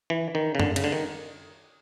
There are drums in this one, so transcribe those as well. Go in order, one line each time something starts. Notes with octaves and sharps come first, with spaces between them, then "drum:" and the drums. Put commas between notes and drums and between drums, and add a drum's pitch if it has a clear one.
E3
D#3
C#3
D3, drum: tom F#2
C#3, drum: cymbal
D3
D#3